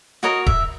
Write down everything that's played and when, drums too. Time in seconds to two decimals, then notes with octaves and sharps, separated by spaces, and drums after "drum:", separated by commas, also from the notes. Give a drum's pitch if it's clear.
0.23 F#4 A#4 C#5 D#5
0.47 E5, drum: kick D#1